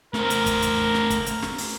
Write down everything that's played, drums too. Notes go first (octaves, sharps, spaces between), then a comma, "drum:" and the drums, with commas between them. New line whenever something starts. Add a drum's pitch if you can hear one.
A3 A#4 C5, drum: snare
drum: hi-hat
drum: kick, hi-hat
drum: hi-hat
drum: snare
drum: kick, hi-hat
drum: hi-hat
drum: snare
drum: open hi-hat